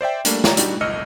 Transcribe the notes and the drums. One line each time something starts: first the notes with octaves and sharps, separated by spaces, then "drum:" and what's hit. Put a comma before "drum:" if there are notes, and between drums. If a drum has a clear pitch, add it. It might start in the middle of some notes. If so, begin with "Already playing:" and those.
C5 D5 E5 G5
G3 A3 A#3 D4, drum: hi-hat
F4 G4 C#5 D5 A#5, drum: snare
G3 D4 D#4 F#4, drum: hi-hat
G1 C2 D#5 E6 F6 C#7